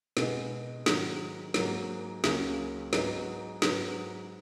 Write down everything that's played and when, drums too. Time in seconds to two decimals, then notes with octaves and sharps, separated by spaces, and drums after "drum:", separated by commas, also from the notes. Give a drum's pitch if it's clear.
0.17 B2 G#3 B3 D#4, drum: snare
0.86 G#2 D#3 F#3, drum: snare
1.54 G#2 F#3 A#3, drum: snare
2.24 C#2 C#3 F#3 A#3 C#4, drum: snare
2.93 G#2 F#3 B3 D#4, drum: snare
3.62 G#2 F#3 B3, drum: snare